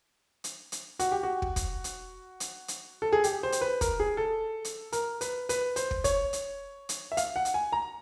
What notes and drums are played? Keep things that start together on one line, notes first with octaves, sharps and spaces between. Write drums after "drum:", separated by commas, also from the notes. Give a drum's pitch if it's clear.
drum: hi-hat
drum: hi-hat
F#4, drum: hi-hat
G4
F#4
drum: kick
drum: kick, hi-hat
drum: hi-hat
drum: hi-hat
drum: hi-hat
A4
G#4
G4, drum: hi-hat
C5
drum: hi-hat
B4
A#4, drum: kick, hi-hat
G#4
A4
drum: hi-hat
A#4, drum: hi-hat
B4, drum: hi-hat
B4, drum: hi-hat
C5, drum: hi-hat
drum: kick
C#5, drum: kick, hi-hat
drum: hi-hat
drum: hi-hat
E5
F5, drum: hi-hat
F#5
drum: hi-hat
G#5
A#5